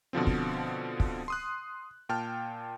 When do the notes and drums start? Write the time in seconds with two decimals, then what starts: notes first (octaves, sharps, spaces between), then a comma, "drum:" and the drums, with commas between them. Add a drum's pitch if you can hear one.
0.13 B2 D3 F3 C4
0.27 drum: kick
1.00 drum: kick
1.28 C6 D#6 F#6
2.09 A#2 G5 A5 F6